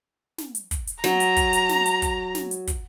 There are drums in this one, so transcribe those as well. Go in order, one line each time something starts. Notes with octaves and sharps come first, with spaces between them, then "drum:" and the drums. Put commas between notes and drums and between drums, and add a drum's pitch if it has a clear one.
drum: snare
drum: hi-hat
drum: kick, hi-hat
drum: hi-hat
F#3 A#5, drum: snare
drum: hi-hat
drum: kick, hi-hat
drum: hi-hat
drum: snare
drum: hi-hat
drum: kick, hi-hat
drum: snare
drum: hi-hat
drum: kick, hi-hat